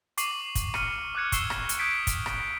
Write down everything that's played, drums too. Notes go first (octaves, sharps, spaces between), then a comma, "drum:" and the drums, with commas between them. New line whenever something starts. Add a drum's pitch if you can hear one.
C#6 D6 C7 D#7 F#7, drum: hi-hat
drum: kick, hi-hat
F6 C#7 D#7, drum: rim click
D6 F6 F#6 G#6 C#7
C#6 E6 C7 E7 G7, drum: kick, hi-hat
drum: rim click
drum: hi-hat
D#6 G6 G#6 B6 D7
drum: kick, hi-hat
drum: rim click